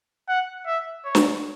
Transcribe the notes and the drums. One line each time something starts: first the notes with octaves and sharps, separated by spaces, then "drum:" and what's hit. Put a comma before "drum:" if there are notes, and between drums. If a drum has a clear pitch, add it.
F#5
E5
C#5
drum: snare